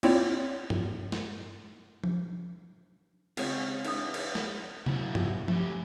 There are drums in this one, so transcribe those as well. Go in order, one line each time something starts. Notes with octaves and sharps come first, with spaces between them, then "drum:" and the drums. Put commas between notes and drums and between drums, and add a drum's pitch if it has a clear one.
A#3 C4 E4 F4 C#5 D5, drum: cymbal
drum: tom G2
drum: snare
drum: tom F3
C#3 G#3 C4 C#5 F5, drum: cymbal
E3 D4 D#4 B4 E5 D#6, drum: cymbal
drum: cymbal
drum: snare
F#3 E4 F#4, drum: tom C3
drum: tom G2
A3 G4, drum: tom F3